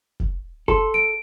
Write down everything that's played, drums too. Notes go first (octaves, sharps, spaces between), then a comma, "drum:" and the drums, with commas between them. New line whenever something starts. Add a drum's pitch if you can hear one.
drum: kick
A4 C6, drum: kick
D7